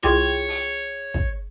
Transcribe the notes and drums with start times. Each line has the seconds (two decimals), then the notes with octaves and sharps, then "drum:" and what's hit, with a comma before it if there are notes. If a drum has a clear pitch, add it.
0.03 C2 E4 F4 G#4 C#5 G5 D6
0.49 drum: open hi-hat
1.14 drum: kick